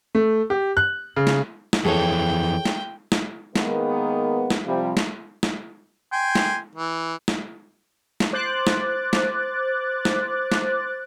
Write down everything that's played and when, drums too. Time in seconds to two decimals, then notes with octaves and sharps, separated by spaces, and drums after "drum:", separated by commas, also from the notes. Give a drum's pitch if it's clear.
0.15 A3
0.50 G4
0.77 F#6
1.16 C#3
1.27 drum: snare
1.73 drum: snare
1.85 F2 E3 G#4 A4 C#5 G5
2.66 drum: snare
3.12 drum: snare
3.56 D#3 G#3 A#3 B3, drum: snare
4.50 drum: snare
4.66 C3 F3 G3
4.97 drum: snare
5.43 drum: snare
6.12 G5 G#5 C6
6.35 drum: snare
6.75 E3
7.28 drum: snare
8.20 drum: snare
8.33 C5 D6 F#6 A6
8.67 drum: snare
9.13 drum: snare
10.05 drum: snare
10.52 drum: snare